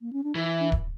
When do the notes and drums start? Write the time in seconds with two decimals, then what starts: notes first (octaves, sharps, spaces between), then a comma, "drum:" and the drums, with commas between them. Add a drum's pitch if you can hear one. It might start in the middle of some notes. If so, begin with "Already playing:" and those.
0.01 A#3
0.13 C#4
0.24 D4
0.35 E3 E4
0.60 D4
0.72 drum: kick D1